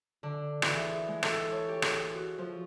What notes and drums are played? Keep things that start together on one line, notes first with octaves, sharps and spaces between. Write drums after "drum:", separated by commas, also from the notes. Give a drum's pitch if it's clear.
D3
E3, drum: rim click
G#4
G#3
A4, drum: rim click
C#5
G4
G#4, drum: rim click
F#4
F3